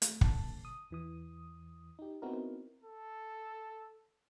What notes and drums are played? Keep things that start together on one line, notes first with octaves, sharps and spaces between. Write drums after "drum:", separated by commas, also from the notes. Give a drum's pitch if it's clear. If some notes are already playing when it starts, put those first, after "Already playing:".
A3, drum: hi-hat
A#2 D3 A5, drum: kick
D#6
E2 E3 D#6
D#4 G4
B3 C4 D#4 E4 F#4 A#4
A4